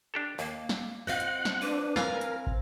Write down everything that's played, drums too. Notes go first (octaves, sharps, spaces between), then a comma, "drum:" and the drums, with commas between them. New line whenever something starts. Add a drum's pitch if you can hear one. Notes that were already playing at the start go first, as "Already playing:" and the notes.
D4 G4 A4
D#2 A#3
drum: snare
C4 F4 D#5 F5 F#5
drum: hi-hat
drum: snare
D4 B4
E3 C4 F4 A#4 F5 G#5, drum: snare
drum: hi-hat
drum: kick